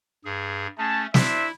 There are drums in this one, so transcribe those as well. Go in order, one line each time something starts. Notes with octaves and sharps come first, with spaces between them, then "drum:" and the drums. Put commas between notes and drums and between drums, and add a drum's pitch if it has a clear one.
G2 G#4
A3 C#4 G#4 A5
D4 E4 C5 E5, drum: snare